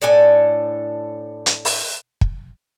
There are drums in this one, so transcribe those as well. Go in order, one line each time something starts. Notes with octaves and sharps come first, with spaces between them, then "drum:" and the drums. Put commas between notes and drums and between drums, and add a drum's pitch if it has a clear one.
A2 D4 A4 G#5
drum: hi-hat
drum: open hi-hat
drum: kick